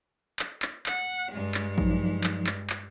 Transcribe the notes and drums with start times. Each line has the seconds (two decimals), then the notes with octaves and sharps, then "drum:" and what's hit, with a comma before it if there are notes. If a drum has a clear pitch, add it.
0.39 drum: clap
0.62 drum: clap
0.86 F#5, drum: clap
1.31 G2 G#3
1.54 drum: clap
1.78 F3 F#3 D#4, drum: kick A1
2.24 drum: clap
2.47 drum: clap
2.70 drum: clap